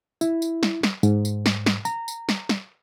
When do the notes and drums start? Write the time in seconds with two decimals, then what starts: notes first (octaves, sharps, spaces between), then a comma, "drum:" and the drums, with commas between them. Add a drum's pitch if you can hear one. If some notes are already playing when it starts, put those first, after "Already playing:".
0.21 E4, drum: tambourine
0.42 drum: tambourine
0.63 drum: snare
0.83 drum: snare
1.03 G#2, drum: tambourine
1.25 drum: tambourine
1.46 drum: snare
1.66 drum: snare
1.85 A#5, drum: tambourine
2.08 drum: tambourine
2.29 drum: snare
2.49 drum: snare